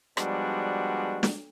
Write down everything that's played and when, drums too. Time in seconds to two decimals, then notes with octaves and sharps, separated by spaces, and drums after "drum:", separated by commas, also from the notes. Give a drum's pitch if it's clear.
0.17 F3 G3 G#3 B3 D4 F#4, drum: rim click
1.23 drum: snare